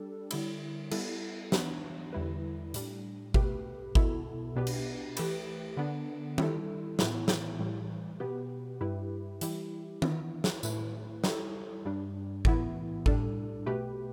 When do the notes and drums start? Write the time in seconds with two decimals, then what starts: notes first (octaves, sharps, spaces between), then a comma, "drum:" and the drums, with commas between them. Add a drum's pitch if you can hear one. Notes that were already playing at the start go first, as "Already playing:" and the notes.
Already playing: G3 D4 A4
0.31 D3 G3 E4, drum: cymbal
0.91 G3 B3 E4 A4, drum: cymbal
1.52 E3 B3 D4, drum: snare
2.13 E2 D3 G3 E4 B4
2.74 A2 G3 D4, drum: hi-hat
3.34 B2 A3 G4 B4, drum: kick G#1
3.95 B2 B3 E4 A4, drum: kick G#1
4.56 B2 B3 D4 G4 B4
4.67 drum: cymbal
5.17 E3 A3 G4 B4, drum: cymbal
5.77 D3 B3 D4
6.38 G3 E4 A4, drum: tom D#3
6.99 A2 E3 B3 E4, drum: snare
7.28 drum: snare
7.59 A2 E3 G3
8.20 B2 B3 G4 B4
8.81 G2 G3 E4 G4 B4
9.41 E3 G3 E4 G4, drum: hi-hat
10.02 E3 B3 E4, drum: tom D#3
10.44 drum: snare
10.63 A2 A3 E4 B4, drum: tambourine
11.24 G3 E4 A4, drum: snare
11.85 G2 G3 D4
12.45 A2 E3 B3 E4, drum: kick G#1
13.06 A2 G3 D4 A4, drum: kick G#1
13.66 B2 A3 G4 B4